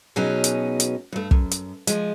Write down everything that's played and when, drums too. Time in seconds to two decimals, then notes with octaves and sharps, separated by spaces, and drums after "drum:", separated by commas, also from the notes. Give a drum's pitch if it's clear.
0.16 B2 F#3 B3 C#4 D#4 G#4
0.44 drum: hi-hat
0.80 drum: hi-hat
1.12 G2 A3
1.31 F#2, drum: kick
1.51 drum: hi-hat
1.87 F3 G#3, drum: hi-hat